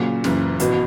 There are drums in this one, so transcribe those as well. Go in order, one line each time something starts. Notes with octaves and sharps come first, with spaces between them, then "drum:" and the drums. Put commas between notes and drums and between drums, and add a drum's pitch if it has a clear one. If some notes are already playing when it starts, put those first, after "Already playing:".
Already playing: A#2 C#3 F#3
F#1 F#2 C#3 E3, drum: snare
G#1 B2 E3, drum: hi-hat